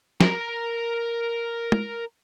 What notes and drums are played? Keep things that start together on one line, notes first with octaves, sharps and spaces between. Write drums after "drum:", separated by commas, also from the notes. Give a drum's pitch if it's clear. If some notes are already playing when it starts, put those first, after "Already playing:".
A#4 A#5, drum: snare
drum: tom